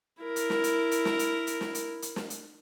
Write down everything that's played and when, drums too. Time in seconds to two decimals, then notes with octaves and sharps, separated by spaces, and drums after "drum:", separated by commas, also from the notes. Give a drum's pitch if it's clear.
0.22 E4 A#4
0.36 drum: hi-hat
0.50 drum: snare
0.64 drum: hi-hat
0.91 drum: hi-hat
1.05 drum: snare
1.19 drum: hi-hat
1.47 drum: hi-hat
1.61 drum: snare
1.75 drum: hi-hat
2.02 drum: hi-hat
2.16 drum: snare
2.30 drum: hi-hat